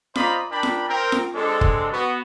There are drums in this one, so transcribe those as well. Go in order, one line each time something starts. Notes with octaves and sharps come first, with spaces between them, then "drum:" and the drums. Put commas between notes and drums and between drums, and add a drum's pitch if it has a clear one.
C5 D5 D#5 F5 A#5 B5, drum: snare F4
D4 A#4 G5 B5
drum: snare F4
C4 A#4 G5
drum: snare F4
G#3 C4 D4 A4
drum: kick
B3 F#4